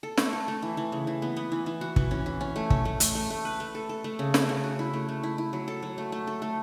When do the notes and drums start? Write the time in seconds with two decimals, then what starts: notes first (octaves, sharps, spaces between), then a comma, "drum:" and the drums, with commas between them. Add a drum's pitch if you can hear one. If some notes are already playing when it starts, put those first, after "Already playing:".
0.03 A4
0.17 A3, drum: snare
0.33 A4
0.48 A3
0.62 E3
0.77 E3
0.92 C#3
1.07 E3
1.22 B3
1.37 B3
1.52 E3
1.66 E3
1.81 F#4
1.96 E3, drum: kick
2.11 C#4
2.26 E3
2.41 C#4
2.56 A3
2.70 C#4, drum: kick
2.85 A3
3.00 A3, drum: hi-hat
3.15 A3
3.30 A3
3.45 B4
3.60 A3
3.75 A4
3.89 A4
4.04 A3
4.19 C#3
4.34 A3, drum: snare
4.49 C#3
4.64 F#4
4.79 E4
4.93 A3
5.09 A3
5.23 E4
5.38 E4
5.53 F#3
5.68 A4
5.83 F#3
5.98 A3
6.12 A3
6.27 A4
6.42 A3